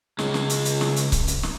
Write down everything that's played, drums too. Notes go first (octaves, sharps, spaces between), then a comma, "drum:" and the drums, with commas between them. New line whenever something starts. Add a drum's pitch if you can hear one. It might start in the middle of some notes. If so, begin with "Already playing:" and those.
C#3 G#3, drum: snare
drum: snare
drum: hi-hat
drum: hi-hat
drum: snare
drum: hi-hat
drum: kick C#1, hi-hat
drum: hi-hat
drum: snare